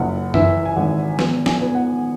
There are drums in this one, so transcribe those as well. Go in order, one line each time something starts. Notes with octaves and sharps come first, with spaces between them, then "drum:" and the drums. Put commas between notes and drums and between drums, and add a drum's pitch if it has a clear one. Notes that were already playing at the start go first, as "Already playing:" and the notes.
Already playing: F#1 F#5
E3 E5, drum: tom F#2
G#5
G#1 F#5
B3 G#5, drum: snare
G#5, drum: snare
B3
F#5